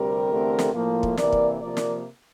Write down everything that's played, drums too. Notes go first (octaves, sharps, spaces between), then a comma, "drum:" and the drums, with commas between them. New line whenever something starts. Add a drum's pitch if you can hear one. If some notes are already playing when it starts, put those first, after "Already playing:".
Already playing: D2 C3 G3 C4 G4 A#4
E2 D3 A3 C4
drum: snare
A2 F3 A#3
drum: kick
C3 E3 A#3 A#4 D5, drum: snare
drum: kick
C3 F3 A#3 A#4 D5
drum: snare